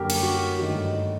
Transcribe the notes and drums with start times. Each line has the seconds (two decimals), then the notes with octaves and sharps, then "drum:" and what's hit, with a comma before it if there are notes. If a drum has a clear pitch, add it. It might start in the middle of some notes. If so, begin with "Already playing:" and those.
Already playing: F#2 D3 G3 A#3 G4 A#4
0.10 drum: cymbal
0.23 F#4
0.59 G2 D#3 A3 F#4
0.85 D#4